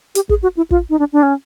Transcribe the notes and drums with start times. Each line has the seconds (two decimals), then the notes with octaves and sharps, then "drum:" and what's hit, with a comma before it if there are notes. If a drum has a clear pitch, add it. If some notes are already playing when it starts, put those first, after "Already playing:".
0.15 G4, drum: hi-hat
0.29 G#4, drum: kick
0.43 F#4
0.57 E4
0.71 F4, drum: kick
0.90 D#4
0.99 D4
1.13 D4
1.23 C#4